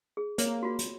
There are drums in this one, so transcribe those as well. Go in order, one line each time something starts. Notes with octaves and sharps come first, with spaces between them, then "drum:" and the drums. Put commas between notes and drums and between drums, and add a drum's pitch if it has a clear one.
G#4
A#3 C5 C#5, drum: hi-hat
F4 F#4
drum: hi-hat